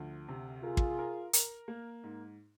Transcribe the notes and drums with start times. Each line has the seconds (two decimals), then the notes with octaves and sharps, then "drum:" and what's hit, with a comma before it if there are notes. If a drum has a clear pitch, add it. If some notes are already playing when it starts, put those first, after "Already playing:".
Already playing: D2 F3
0.28 C3
0.63 F4 G#4 A#4
0.77 drum: kick
0.99 A#4
1.33 A#4, drum: hi-hat
1.68 A#3
2.03 G#2